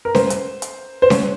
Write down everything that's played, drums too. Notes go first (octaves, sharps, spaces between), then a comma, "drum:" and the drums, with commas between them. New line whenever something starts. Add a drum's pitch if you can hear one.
A#4
C5, drum: snare C#4
drum: hi-hat
drum: hi-hat
C5
C#5, drum: snare C#4